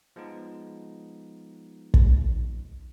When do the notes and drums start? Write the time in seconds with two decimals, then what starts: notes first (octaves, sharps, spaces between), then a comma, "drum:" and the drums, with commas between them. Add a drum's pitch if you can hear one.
0.16 F3 G#3 B3 D#4
1.94 drum: kick